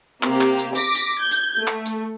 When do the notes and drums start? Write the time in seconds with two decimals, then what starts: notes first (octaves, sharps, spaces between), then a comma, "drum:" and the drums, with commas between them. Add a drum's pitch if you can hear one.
0.23 C3 A#3 G4, drum: clap
0.41 drum: clap
0.59 drum: hi-hat
0.75 D6 A#6 B6, drum: hi-hat
0.95 drum: hi-hat
1.20 G6 G#6
1.31 drum: hi-hat
1.57 A3
1.67 drum: clap
1.86 drum: hi-hat